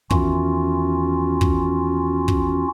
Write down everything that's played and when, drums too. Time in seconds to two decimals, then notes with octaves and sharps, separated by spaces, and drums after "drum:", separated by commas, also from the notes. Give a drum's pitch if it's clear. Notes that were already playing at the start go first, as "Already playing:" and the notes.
0.10 E2 D#3 C#4 F4 F#4, drum: kick
1.41 drum: kick
2.28 drum: kick